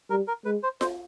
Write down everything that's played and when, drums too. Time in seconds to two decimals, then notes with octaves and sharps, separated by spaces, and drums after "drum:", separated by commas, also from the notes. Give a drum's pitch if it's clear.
0.10 G3 A#4
0.28 A#4
0.45 G#3 B4
0.63 C5
0.81 C5, drum: snare F4